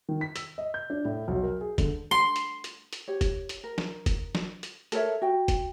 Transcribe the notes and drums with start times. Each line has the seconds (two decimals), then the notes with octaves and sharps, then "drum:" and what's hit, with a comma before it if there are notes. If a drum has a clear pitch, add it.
0.09 D#3
0.21 B6
0.36 E6, drum: hi-hat
0.58 D#5
0.74 G6
0.90 D4
1.05 A2
1.28 B1
1.43 A#4
1.61 G#4
1.78 D3, drum: kick, hi-hat
2.11 C6
2.36 drum: hi-hat
2.64 drum: hi-hat
2.93 drum: hi-hat
3.08 G4 C#5
3.21 drum: kick, hi-hat
3.49 drum: hi-hat
3.64 A#4
3.78 drum: snare
4.06 drum: kick, hi-hat
4.35 drum: snare
4.63 drum: hi-hat
4.92 A4 A#4 C#5 E5, drum: hi-hat
5.22 F#4 G5
5.48 drum: kick, hi-hat